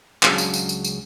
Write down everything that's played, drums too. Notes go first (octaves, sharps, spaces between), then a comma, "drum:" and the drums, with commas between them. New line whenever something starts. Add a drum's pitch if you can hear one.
C#2 C#3 F#3 D4 G#4 F5, drum: clap
drum: tambourine
drum: tambourine
drum: tambourine
drum: tambourine